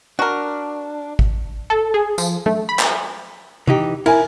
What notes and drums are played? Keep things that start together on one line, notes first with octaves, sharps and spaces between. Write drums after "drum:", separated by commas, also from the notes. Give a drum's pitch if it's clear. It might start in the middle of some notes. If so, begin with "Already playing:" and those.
D4 F#4 A#4
drum: kick G#1
A4
G#4
F3, drum: tambourine
A3, drum: tom F#3
B5
drum: clap
E3 D#4 G4, drum: tom C3
E4 A#4 G#5, drum: cymbal